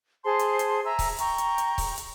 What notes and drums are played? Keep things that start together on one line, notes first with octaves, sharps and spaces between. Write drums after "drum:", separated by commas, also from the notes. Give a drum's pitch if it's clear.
G#4 C5 A5 C6
drum: hi-hat
drum: hi-hat
E5 G#5 A#5 E6
drum: kick C#1, open hi-hat
G5 A#5 C#6, drum: hi-hat
drum: hi-hat
drum: hi-hat
drum: kick C#1, open hi-hat
drum: hi-hat